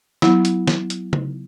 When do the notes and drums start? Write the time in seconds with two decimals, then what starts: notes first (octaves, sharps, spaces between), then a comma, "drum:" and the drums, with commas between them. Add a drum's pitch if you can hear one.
0.22 F#3 B3 E4, drum: snare
0.45 drum: hi-hat
0.67 drum: snare
0.90 drum: hi-hat
1.13 drum: tom C#3